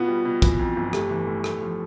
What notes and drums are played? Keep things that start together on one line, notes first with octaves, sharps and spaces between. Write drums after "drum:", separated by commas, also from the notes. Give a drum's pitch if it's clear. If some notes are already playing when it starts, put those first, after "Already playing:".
Already playing: B2 B3 F4
G3
B2
E3, drum: kick, hi-hat
F2
G1
A3 G4, drum: rim click
E3
A2
A3, drum: rim click
F3